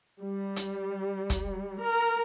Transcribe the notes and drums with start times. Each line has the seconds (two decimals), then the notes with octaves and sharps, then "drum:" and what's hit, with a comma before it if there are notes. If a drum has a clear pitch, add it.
0.20 G3
0.56 drum: hi-hat
1.30 drum: kick, hi-hat
1.80 A#4